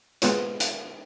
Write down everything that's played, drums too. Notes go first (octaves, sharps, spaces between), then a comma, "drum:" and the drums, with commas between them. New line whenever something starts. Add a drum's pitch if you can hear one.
G#3 B3 F4 C#5, drum: hi-hat
drum: hi-hat